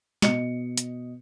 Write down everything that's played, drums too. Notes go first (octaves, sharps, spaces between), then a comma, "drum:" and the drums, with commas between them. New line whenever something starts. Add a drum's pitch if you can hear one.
B2 D#5 C#7, drum: snare
drum: hi-hat